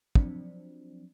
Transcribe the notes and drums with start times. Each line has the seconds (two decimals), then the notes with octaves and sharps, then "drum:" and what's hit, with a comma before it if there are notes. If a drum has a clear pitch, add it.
0.15 F3 F#3 C4 D4, drum: kick